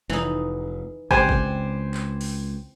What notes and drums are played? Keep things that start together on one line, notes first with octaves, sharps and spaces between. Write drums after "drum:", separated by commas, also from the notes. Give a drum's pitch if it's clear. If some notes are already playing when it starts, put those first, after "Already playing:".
F1 E3 D#4, drum: snare
C#2 C4 G4 C5 D5 F#5 G#5, drum: kick
drum: kick
drum: clap
drum: open hi-hat